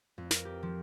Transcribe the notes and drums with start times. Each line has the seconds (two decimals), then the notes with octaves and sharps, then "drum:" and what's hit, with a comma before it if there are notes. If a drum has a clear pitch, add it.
0.18 F2
0.31 A#4, drum: snare
0.45 G4
0.63 F3